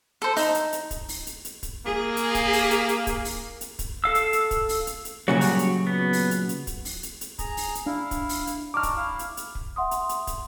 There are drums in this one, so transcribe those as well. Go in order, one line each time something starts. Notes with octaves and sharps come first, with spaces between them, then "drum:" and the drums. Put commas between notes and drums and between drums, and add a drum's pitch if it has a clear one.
A4 C5
D#4, drum: open hi-hat
drum: hi-hat
drum: hi-hat
drum: kick, hi-hat
drum: open hi-hat
drum: hi-hat
drum: hi-hat
drum: kick, hi-hat
A#3 G#4
drum: hi-hat
drum: kick, hi-hat
drum: open hi-hat
drum: hi-hat
drum: hi-hat
drum: kick, hi-hat
drum: open hi-hat
drum: hi-hat
drum: kick, hi-hat
A4 F5 E6
drum: hi-hat
drum: hi-hat
drum: kick, hi-hat
drum: open hi-hat
drum: hi-hat
drum: hi-hat
A#2 C#3 F#3 G3 F#4 C#5
drum: open hi-hat
drum: hi-hat
B3
drum: open hi-hat
drum: hi-hat
drum: hi-hat
drum: kick, hi-hat
drum: open hi-hat
drum: hi-hat
drum: hi-hat
G#4 A#5, drum: kick, hi-hat
drum: open hi-hat
drum: hi-hat
D4 E4 F5
drum: kick, hi-hat
drum: open hi-hat
drum: hi-hat
D4 D#4 F#4 D6 F6
drum: kick, hi-hat
E4 F5
drum: hi-hat
drum: hi-hat
drum: kick
E5 F#5 C6 D#6
drum: hi-hat
drum: hi-hat
drum: kick, hi-hat